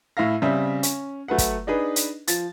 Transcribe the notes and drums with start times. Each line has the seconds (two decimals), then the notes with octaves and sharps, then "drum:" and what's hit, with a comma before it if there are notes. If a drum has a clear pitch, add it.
0.17 A2 E4 E5 F5 A#6
0.42 C#3 G3 C4 E5
0.83 C#4, drum: hi-hat
1.28 F#3 A3 B4 F#5
1.38 drum: kick, hi-hat
1.67 D4 D#4 G#4 B4
1.96 drum: hi-hat
2.27 F3 A6, drum: hi-hat